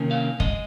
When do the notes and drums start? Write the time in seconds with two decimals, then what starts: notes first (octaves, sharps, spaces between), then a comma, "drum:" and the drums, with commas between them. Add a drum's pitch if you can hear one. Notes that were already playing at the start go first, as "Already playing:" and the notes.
Already playing: C3 D#3 A#3 C#4
0.11 F5
0.40 F3 G#3 D#5, drum: kick